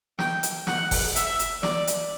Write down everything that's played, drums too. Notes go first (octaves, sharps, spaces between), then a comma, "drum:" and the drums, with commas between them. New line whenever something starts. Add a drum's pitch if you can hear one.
G5, drum: snare
drum: hi-hat
F#5, drum: snare
drum: kick F#1, open hi-hat
E5, drum: hi-hat
drum: hi-hat
D5, drum: snare
drum: hi-hat